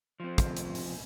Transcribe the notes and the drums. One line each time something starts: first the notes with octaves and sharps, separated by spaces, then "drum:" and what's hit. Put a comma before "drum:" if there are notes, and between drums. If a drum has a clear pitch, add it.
F3 C4
drum: kick, hi-hat
drum: hi-hat
drum: open hi-hat